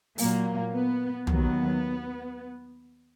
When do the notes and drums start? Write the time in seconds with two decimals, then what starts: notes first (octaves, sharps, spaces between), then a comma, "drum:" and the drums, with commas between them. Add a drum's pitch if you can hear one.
0.18 A#2 F#3 A#3, drum: open hi-hat
0.73 B3
1.27 D#2 D#3 F#3 B3, drum: tom